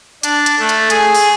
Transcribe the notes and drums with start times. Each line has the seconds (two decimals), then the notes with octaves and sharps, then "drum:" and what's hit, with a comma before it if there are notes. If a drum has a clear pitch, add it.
0.23 D4, drum: hi-hat
0.46 drum: hi-hat
0.59 A3
0.69 drum: hi-hat
0.90 G#4, drum: hi-hat
1.15 drum: open hi-hat